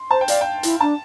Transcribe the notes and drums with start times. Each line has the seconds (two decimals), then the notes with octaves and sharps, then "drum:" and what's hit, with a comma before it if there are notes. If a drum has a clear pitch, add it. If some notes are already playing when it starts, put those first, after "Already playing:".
Already playing: C6
0.10 C5 A5
0.21 G5
0.28 D5 F5, drum: hi-hat
0.41 G5
0.63 E4, drum: hi-hat
0.80 D4 A5